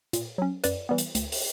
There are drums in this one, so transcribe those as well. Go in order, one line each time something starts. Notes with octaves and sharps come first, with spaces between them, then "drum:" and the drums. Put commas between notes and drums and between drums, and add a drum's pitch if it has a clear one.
A#2, drum: hi-hat
F#3 C#4
F#2 B4 D5, drum: hi-hat
E3 G3 B3
drum: hi-hat
D2, drum: hi-hat
drum: open hi-hat